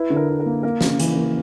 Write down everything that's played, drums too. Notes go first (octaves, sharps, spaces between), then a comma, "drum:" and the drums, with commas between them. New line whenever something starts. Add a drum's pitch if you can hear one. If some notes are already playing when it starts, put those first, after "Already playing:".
Already playing: E4 B4
D3
A#4
E4
A#4
A#3
A#3 A#4
C#3, drum: snare
E3, drum: hi-hat
A#3